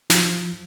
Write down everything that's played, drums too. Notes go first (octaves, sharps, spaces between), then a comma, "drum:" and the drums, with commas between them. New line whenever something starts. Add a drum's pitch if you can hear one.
F3, drum: snare